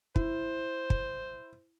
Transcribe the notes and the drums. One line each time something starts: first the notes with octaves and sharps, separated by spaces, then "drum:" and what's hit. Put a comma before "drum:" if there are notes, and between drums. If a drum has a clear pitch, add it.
E4 C5, drum: kick
drum: kick